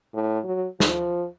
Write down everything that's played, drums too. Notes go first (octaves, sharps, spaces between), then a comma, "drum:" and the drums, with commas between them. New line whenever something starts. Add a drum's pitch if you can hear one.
A2
F#3
F3, drum: snare